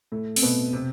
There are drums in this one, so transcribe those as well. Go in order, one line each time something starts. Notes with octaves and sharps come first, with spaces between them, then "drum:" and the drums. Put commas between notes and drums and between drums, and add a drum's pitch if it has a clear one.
A2 A3
C4, drum: open hi-hat
B2 B3
C3 C4